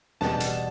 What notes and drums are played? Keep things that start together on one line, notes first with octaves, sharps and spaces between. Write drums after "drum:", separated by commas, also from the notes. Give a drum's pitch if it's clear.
E2 B2 G3 A5, drum: snare
drum: hi-hat